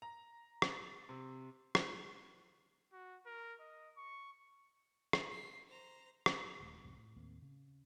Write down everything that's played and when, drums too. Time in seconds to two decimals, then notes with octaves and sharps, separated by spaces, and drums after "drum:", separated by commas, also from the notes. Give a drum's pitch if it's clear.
0.02 A#5
0.62 drum: rim click
0.72 A6
1.09 C3
1.75 drum: rim click
2.93 F#4
3.26 A#4
3.60 D#5
3.97 C#6
5.13 drum: rim click
5.31 B6 C7
5.68 C5 A#5
6.26 drum: rim click
6.60 D#1 D2 G#3 A3
6.83 C2 F2 G#2 C3
6.97 A2
7.16 D#2 A2 A#3 C4
7.42 C#3